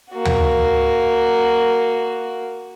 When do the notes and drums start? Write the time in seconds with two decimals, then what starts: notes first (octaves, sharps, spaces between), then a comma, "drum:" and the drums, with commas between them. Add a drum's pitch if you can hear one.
0.11 A#3 F#4
0.25 drum: tom D2